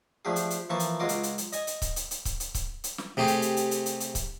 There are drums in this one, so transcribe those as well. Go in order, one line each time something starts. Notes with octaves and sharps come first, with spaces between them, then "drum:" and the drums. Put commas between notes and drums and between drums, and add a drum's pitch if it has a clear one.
F3 A3 D4 G4 G#4
drum: hi-hat
drum: hi-hat
E3 F3 A#3 B4 A5 C#6
drum: hi-hat
C#2 F#3 F4 D#5 C6 D6
drum: hi-hat
drum: hi-hat
drum: hi-hat
D#5 G#5, drum: hi-hat
drum: hi-hat
drum: kick C#1, hi-hat
drum: hi-hat
drum: hi-hat
drum: kick C#1, hi-hat
drum: hi-hat
drum: kick C#1, hi-hat
drum: hi-hat
drum: snare
C3 A3 G4 G#4
drum: hi-hat
drum: hi-hat
drum: hi-hat
drum: hi-hat
drum: hi-hat
drum: hi-hat
drum: kick C#1, hi-hat